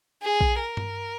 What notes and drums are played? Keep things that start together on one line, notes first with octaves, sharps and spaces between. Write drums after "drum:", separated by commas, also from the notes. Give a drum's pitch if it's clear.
G#4
drum: kick A#1
A#4
drum: tom G2